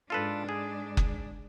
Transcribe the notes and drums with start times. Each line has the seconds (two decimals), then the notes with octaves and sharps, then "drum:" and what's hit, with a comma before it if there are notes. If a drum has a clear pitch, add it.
0.10 G#2 D4 F4 A4 B4
0.49 G#4
0.97 drum: kick F#1